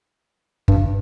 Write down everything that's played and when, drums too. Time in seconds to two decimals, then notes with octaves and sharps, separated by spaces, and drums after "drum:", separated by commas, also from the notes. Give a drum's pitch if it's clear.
0.68 G2, drum: kick G1